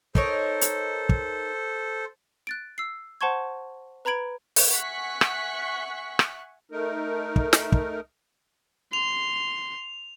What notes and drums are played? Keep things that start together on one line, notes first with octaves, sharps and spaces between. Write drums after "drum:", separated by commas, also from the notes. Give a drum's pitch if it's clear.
D#4 A4 A#4 C5 C#5, drum: kick
drum: hi-hat
drum: kick
F#6 A6 D7
E6 C7
C5 F#5 A5 C6 C#6 G#6
B4 A#5 B5 G#6 D7 F#7
drum: open hi-hat
E5 F#5 G#5 C#6 F#6 B6
drum: rim click
drum: rim click
A3 D#4 A#4
drum: kick
drum: snare
drum: kick
C6 F7